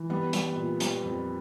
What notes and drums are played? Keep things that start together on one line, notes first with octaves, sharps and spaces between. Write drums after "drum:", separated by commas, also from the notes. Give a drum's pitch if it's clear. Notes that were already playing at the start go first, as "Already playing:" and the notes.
Already playing: E3
G3 B3
G3, drum: hi-hat
A#2
G3, drum: hi-hat
F2